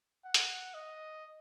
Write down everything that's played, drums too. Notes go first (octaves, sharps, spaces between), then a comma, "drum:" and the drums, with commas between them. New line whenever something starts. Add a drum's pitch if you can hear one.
F#5
drum: hi-hat
D#5